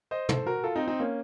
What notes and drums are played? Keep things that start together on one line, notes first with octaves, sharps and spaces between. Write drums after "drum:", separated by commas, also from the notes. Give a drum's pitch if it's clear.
C5 D#5
A4 C5, drum: tom
F#4 A#4
F4 A4
C4 D#4
C4 D#4
A#3 C#4